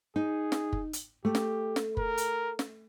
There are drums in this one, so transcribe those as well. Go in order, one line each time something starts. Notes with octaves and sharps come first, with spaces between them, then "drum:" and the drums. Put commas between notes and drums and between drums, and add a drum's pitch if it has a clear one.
D#4 G#4
drum: snare
drum: kick
drum: hi-hat
A3 G4
drum: snare
drum: snare
A#4, drum: kick
drum: hi-hat
drum: snare